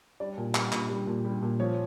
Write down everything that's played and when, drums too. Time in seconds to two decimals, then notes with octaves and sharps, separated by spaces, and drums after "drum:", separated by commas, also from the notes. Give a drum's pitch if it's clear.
0.20 G3 D5
0.38 A#2
0.55 G3, drum: clap
0.72 A#2, drum: clap
0.89 G3
1.07 A#2
1.25 G3
1.42 A#2
1.60 F3 C#5